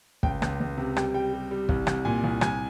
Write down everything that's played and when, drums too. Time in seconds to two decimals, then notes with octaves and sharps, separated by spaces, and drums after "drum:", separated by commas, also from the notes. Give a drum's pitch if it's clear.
0.23 C#2 G5, drum: kick
0.42 C#2, drum: rim click
0.60 C#2
0.77 C3
0.96 G3 G5, drum: rim click
1.14 G3 G5
1.33 G3
1.51 G3
1.69 C2, drum: kick
1.87 C2, drum: rim click
2.05 A#2 G#5
2.24 C2
2.41 C2 G#5, drum: rim click